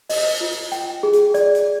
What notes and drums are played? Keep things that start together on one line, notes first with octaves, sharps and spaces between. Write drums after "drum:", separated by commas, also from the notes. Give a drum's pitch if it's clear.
D#5, drum: open hi-hat
F4
drum: hi-hat
G5, drum: hi-hat
G#4
drum: hi-hat
D5, drum: hi-hat
drum: hi-hat